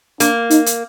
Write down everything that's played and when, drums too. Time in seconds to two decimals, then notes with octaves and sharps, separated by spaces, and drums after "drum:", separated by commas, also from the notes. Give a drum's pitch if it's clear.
0.20 A#3 D4, drum: hi-hat
0.50 D#4, drum: hi-hat
0.66 drum: hi-hat